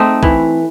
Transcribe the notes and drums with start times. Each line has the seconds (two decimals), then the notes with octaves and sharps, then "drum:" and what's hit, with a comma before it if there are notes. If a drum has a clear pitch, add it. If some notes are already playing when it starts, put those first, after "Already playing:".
Already playing: A3 C4 D#4
0.23 E3, drum: kick C2